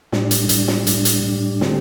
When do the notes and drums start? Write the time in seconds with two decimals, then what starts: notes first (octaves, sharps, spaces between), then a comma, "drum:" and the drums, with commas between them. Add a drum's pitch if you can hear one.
0.12 A2 G3 D4, drum: snare
0.31 drum: hi-hat
0.49 A2 G3 D4, drum: hi-hat
0.68 drum: snare
0.87 A2 G3 D4, drum: hi-hat
1.05 drum: hi-hat
1.24 A2 G3 D4
1.61 D3 A3 C4 G4, drum: snare